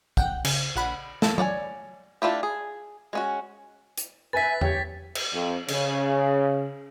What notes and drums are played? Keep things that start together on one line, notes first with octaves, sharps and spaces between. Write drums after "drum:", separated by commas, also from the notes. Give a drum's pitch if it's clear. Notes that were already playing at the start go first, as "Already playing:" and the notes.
F#5 G5, drum: kick
C#3, drum: cymbal
A#1 F#5 B5
A#3 A4, drum: snare
C#5 D5 F#5 G#5, drum: tom F#3
A3 D4 E4 F4 G4
G#4
G#3 C#4 F#4
drum: hi-hat
B4 E5 G#5 A6 B6
G4 C#5, drum: tom E2
drum: cymbal
F2
C#3, drum: cymbal